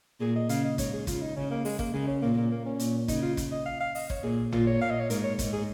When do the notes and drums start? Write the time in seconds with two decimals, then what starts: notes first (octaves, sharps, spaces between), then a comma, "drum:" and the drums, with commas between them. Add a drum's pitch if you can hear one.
0.20 A#2 G#4
0.36 D#5
0.49 C#3 F5, drum: hi-hat
0.64 D#5
0.78 G#2 C#5, drum: kick, hi-hat
0.93 G#4
1.07 C#3 F4, drum: kick, hi-hat
1.21 D#4
1.36 C#3 C#4
1.51 A#3
1.65 G#3, drum: open hi-hat
1.79 A#3, drum: kick
1.94 C#3 G#3
2.08 C#4
2.22 A#2 A#3
2.37 A#3
2.51 A#3
2.66 C#4
2.79 A#2, drum: hi-hat
3.08 C#3 D#4, drum: kick, hi-hat
3.23 F4
3.37 drum: kick, hi-hat
3.52 D#5
3.66 F5
3.80 F5
3.95 D#5, drum: open hi-hat
4.10 C#5, drum: kick
4.23 A#2 G#4
4.52 A#2 F4, drum: tom A1
4.67 C#5
4.81 A#2 F5
4.90 D#5
5.00 C#5
5.10 G#2 A#4, drum: hi-hat
5.24 C#5
5.39 G#2, drum: kick, hi-hat
5.53 G#4